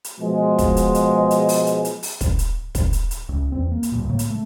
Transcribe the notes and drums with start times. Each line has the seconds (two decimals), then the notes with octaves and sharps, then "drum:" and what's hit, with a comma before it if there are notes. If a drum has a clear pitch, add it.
0.04 drum: hi-hat
0.19 B2 F3 G#3
0.59 drum: kick, hi-hat
0.77 drum: hi-hat
0.95 drum: hi-hat
1.31 drum: hi-hat
1.49 drum: open hi-hat
1.67 drum: hi-hat
1.85 drum: hi-hat
2.03 drum: open hi-hat
2.21 drum: kick, hi-hat
2.39 drum: hi-hat
2.75 drum: kick, hi-hat
2.93 drum: hi-hat
3.11 drum: hi-hat
3.29 C#2 C#3
3.52 E2 C4
3.72 A#3
3.83 drum: hi-hat
3.92 D2 G2 A#2
4.09 A2 C#3 A#3
4.19 drum: hi-hat
4.30 A3